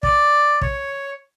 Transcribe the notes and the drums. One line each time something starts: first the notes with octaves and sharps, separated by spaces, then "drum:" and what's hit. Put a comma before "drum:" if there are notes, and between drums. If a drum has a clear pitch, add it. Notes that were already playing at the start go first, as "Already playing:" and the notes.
D5, drum: kick
C#5, drum: kick